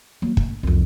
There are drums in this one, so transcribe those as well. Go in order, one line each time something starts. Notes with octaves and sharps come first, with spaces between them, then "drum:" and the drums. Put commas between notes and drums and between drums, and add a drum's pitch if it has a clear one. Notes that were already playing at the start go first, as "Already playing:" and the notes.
F#3 A#3
D2, drum: kick
C2 F2